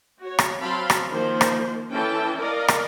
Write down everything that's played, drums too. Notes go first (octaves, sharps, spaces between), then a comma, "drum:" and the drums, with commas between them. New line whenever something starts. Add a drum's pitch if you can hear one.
F#4 C#5
drum: rim click
F#3 C4 F5 A5 B5 C6
drum: rim click
D#3 F3 A#3 C5
drum: rim click
E3 C#4 A4 G5 A5
A#4 D5 D#5 F5
drum: rim click